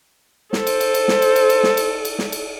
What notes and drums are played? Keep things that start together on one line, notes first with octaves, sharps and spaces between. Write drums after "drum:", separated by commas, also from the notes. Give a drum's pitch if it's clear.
A4 C5, drum: snare
drum: cymbal
drum: cymbal
drum: cymbal
drum: snare
drum: cymbal
drum: cymbal
drum: cymbal
drum: snare
drum: cymbal
drum: cymbal
drum: snare
drum: cymbal